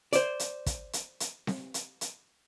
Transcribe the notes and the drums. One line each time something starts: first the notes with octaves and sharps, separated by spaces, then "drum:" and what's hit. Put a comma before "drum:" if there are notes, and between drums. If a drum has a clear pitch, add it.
C5 D5, drum: hi-hat
drum: hi-hat
drum: kick, hi-hat
drum: hi-hat
drum: hi-hat
drum: snare C4
drum: hi-hat
drum: hi-hat